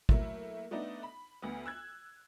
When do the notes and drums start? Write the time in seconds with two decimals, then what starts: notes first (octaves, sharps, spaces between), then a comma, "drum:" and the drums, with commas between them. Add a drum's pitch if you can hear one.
0.09 F#3 A3 A#3 E4, drum: kick
0.71 A3 B3 D4 D#4
1.03 B5
1.42 D2 B3
1.66 E6 F#6 G#6